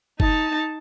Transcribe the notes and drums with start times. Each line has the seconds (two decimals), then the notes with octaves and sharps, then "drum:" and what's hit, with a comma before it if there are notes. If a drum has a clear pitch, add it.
0.20 D#4 A5, drum: kick